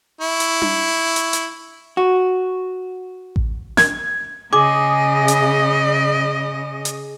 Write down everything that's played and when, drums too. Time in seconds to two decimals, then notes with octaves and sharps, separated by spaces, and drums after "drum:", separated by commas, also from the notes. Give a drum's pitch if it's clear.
0.21 E4 C#6
0.40 drum: hi-hat
0.62 drum: tom D4
1.16 drum: hi-hat
1.33 drum: hi-hat
1.97 F#4
3.36 drum: kick A1
3.77 G#6, drum: snare
4.53 C#3 G#4 D#5 D6
5.28 drum: hi-hat
6.85 drum: hi-hat